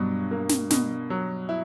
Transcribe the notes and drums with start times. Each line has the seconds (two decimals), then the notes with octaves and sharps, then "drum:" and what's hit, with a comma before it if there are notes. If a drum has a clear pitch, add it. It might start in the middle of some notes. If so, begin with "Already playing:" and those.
Already playing: G2 B2 F#3
0.31 A#3
0.49 drum: snare
0.70 B2, drum: snare
1.10 F#3
1.49 E4